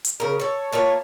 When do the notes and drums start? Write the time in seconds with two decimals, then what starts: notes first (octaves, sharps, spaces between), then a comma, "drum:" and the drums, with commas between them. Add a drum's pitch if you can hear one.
0.05 drum: hi-hat
0.20 C#3 A#4
0.40 A4 C#5
0.72 A3 A#3 F4 C#5